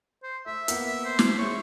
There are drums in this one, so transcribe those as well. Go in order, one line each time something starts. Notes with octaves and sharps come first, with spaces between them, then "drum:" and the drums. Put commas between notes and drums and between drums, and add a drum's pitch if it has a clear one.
C5
A3 E5
A#3 B3, drum: hi-hat
E5
C5
drum: snare
G#3 E4 C#5 C#6